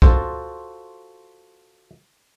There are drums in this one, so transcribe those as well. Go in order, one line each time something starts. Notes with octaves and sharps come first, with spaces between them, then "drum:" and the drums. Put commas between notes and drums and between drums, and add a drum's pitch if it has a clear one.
F4 F#4 A4 C5, drum: kick